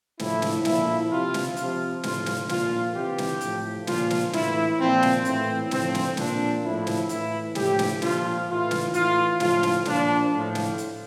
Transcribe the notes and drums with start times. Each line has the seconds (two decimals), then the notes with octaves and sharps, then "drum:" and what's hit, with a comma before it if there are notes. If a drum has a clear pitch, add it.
0.19 A2 F3 E4, drum: snare
0.42 drum: snare
0.65 A#2 F3 E4, drum: snare
1.11 C3 F3 F4
1.34 drum: snare
1.57 C3 F3 F4, drum: hi-hat
2.03 A2 F3 F4, drum: snare
2.26 drum: snare
2.49 A#2 F3 F4, drum: snare
2.95 C3 E3 G4
3.18 drum: snare
3.41 A2 F3, drum: hi-hat
3.87 A#2 F3 F4, drum: snare
4.10 drum: snare
4.33 A2 E3 E4, drum: snare
4.79 A#2 F3 C4
5.03 drum: snare
5.25 A2 E3 C4, drum: hi-hat
5.71 A2 F3 C4, drum: snare
5.95 drum: snare
6.17 A#2 F3 D4, drum: snare
6.64 A2 F3 E4
6.87 drum: snare
7.09 A2 E3 E4, drum: hi-hat
7.55 A2 F3 G4, drum: snare
7.79 drum: snare
8.02 A#2 F3 F4, drum: snare
8.48 A2 E3 F4
8.71 drum: snare
8.94 A2 E3 F4, drum: hi-hat
9.40 A2 F3 F4, drum: snare
9.63 drum: snare
9.85 A#2 F3 D4, drum: snare
10.32 A2 F3
10.55 drum: snare
10.78 drum: hi-hat